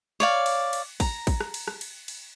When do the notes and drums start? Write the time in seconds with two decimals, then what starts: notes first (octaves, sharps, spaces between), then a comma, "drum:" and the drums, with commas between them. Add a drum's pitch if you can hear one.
0.20 C#5 D5 F5
0.46 drum: cymbal
0.73 drum: cymbal
1.00 A#5, drum: kick, cymbal
1.27 drum: kick, cymbal
1.41 drum: rim click
1.54 drum: cymbal
1.68 drum: rim click
1.81 drum: cymbal
2.08 drum: cymbal